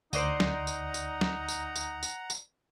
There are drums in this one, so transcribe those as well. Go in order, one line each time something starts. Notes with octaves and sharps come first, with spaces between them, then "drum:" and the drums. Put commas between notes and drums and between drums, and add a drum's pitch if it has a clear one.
D2 D#4 C5 D5 D#5 F#5 A#5, drum: tambourine
drum: snare F#3
drum: tambourine
drum: tambourine
drum: snare F#3
drum: tambourine
drum: tambourine
drum: tambourine
drum: tambourine